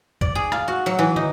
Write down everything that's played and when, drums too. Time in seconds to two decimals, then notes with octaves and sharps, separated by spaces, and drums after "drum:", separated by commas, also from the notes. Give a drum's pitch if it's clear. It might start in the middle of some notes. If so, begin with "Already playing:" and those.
0.21 D5, drum: kick
0.35 G#4
0.52 F5, drum: rim click
0.68 F#4
0.86 F#3
0.99 E3
1.16 D#4, drum: tom